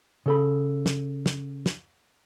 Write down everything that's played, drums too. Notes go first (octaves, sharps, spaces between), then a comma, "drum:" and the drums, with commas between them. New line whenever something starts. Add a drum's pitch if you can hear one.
C#3 A4 B5
drum: snare
drum: snare
drum: snare